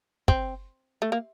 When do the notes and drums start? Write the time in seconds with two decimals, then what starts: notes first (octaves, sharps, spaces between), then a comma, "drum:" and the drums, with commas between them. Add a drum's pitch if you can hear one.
0.28 C4, drum: kick
1.02 A3
1.12 A#3